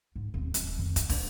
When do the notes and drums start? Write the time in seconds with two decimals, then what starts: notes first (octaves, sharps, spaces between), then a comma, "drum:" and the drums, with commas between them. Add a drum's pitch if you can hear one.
0.16 G#2
0.34 D#1 C4
0.54 F#3, drum: hi-hat
0.78 F2 D#3
0.96 drum: kick, hi-hat
1.09 A#2 D4, drum: kick, open hi-hat